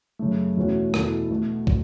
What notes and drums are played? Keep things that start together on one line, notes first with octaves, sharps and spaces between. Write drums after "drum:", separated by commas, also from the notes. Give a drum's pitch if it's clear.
F#2 C#3 A3
E2 B2 A3 C#4 F#4
E2 B2 A3 E4 A4, drum: rim click
B2 A3 F#4
drum: kick